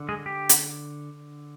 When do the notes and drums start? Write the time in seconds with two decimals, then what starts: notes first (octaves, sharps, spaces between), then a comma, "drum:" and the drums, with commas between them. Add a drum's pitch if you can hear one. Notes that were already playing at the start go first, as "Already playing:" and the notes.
Already playing: D3
0.09 G#3 G#4
0.26 G4
0.49 drum: hi-hat